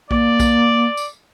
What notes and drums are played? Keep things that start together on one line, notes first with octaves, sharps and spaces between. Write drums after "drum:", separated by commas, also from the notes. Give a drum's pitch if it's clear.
A#3 D5, drum: kick B1
drum: kick B1, tambourine
drum: tambourine